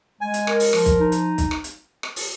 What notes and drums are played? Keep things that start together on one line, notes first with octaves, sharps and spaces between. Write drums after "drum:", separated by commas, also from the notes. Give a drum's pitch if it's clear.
G#3 G#5
drum: hi-hat
A#4, drum: rim click
drum: open hi-hat
F3, drum: rim click
drum: kick, hi-hat
D#4
drum: hi-hat
drum: kick, hi-hat
drum: rim click
drum: hi-hat
drum: rim click
drum: open hi-hat